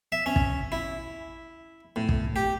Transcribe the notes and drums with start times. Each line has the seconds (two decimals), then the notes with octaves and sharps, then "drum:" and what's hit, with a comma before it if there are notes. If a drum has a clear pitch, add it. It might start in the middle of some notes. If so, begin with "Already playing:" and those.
0.12 E5
0.26 C#4
0.36 drum: kick
0.72 E4
1.96 A2
2.09 drum: kick
2.36 G4